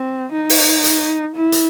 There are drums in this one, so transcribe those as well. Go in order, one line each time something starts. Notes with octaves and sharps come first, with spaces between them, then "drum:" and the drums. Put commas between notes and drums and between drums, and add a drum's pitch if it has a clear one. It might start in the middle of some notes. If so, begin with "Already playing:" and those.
Already playing: C4
D#4
drum: open hi-hat
drum: hi-hat
E4
drum: hi-hat